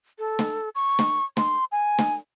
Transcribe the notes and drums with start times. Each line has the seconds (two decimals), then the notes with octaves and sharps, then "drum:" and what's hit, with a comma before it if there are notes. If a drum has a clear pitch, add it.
0.19 A4
0.39 drum: snare
0.75 C#6
0.99 drum: snare
1.37 C6, drum: snare
1.72 G#5
1.98 drum: snare